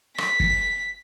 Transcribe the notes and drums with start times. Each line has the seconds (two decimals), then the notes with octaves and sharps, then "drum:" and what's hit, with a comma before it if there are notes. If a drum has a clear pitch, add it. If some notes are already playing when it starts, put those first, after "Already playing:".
0.18 B6, drum: rim click
0.40 drum: kick